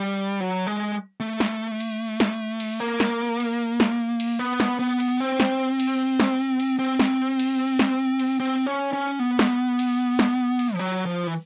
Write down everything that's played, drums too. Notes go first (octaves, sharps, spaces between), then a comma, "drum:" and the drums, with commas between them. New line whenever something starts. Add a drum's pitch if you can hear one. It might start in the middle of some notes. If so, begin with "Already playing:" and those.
Already playing: G3
F#3
G#3
A3
drum: snare
drum: cymbal
drum: snare
drum: cymbal
A#3
drum: snare
drum: cymbal
drum: snare
drum: cymbal
B3
drum: snare
B3
drum: cymbal
C4
drum: snare
drum: cymbal
drum: snare
drum: cymbal
C4
drum: snare
drum: cymbal
drum: snare
drum: cymbal
C4
C#4
C#4
B3
drum: snare
drum: cymbal
drum: snare
drum: cymbal
F3
F#3
F3
E3